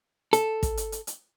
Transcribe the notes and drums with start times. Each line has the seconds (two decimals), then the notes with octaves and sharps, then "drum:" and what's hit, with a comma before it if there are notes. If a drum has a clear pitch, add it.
0.33 A4, drum: hi-hat
0.63 drum: kick, hi-hat
0.77 drum: hi-hat
0.92 drum: hi-hat
1.07 drum: hi-hat